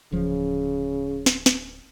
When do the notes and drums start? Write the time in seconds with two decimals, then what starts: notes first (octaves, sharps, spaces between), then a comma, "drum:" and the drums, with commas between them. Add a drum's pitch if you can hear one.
0.12 D1 C#3 F3
1.26 drum: snare
1.46 drum: snare